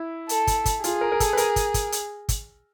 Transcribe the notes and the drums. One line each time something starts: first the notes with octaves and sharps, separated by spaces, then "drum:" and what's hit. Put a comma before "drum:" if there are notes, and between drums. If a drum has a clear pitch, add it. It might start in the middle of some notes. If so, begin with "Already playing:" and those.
Already playing: E4
A4, drum: hi-hat
drum: kick, hi-hat
drum: kick, hi-hat
F4 G#4, drum: hi-hat
A#4
A#4
A4, drum: kick, hi-hat
B4
A#4, drum: hi-hat
drum: kick, hi-hat
drum: kick, hi-hat
drum: hi-hat
drum: kick, hi-hat